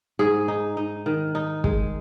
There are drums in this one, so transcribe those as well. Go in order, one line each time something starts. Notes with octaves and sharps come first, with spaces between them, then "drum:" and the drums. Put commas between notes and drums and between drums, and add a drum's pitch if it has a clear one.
G#2 G#4
D#4
D#4
D#3
D#4
G#3, drum: kick